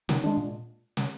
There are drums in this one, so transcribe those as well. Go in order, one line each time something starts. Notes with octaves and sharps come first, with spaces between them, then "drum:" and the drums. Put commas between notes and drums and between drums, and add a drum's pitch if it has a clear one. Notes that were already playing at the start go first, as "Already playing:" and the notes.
D#3, drum: snare
G#3 D4
A#2
drum: snare